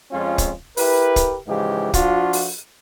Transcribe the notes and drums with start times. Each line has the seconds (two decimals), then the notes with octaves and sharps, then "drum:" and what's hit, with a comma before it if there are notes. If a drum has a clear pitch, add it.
0.12 F2 G#3 C#4 F4
0.38 drum: kick, hi-hat
0.77 E4 G4 A#4 B4, drum: open hi-hat
1.16 drum: kick, hi-hat
1.47 G#2 C#3 E3 F3 G#3 G4
1.94 F3 D4 F4 F#4, drum: kick, hi-hat
2.33 drum: open hi-hat